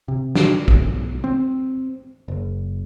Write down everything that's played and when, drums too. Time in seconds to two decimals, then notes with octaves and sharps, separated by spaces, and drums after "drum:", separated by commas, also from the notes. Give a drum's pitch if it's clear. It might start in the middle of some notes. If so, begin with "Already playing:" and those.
0.08 C3
0.35 D4, drum: snare
0.68 B1, drum: kick
1.24 C4
2.28 F#1